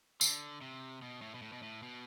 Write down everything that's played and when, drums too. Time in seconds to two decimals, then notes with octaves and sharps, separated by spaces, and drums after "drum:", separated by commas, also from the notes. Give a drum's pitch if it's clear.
0.21 D3, drum: tambourine
0.62 C3
1.02 B2
1.22 A2
1.35 B2
1.42 A2
1.53 B2
1.62 A2
1.83 B2